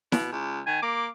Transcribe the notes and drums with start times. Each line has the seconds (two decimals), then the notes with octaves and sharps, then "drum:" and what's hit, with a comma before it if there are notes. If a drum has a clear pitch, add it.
0.12 B2, drum: snare E4
0.32 C#2
0.66 D#3 G#5
0.83 A#3 D6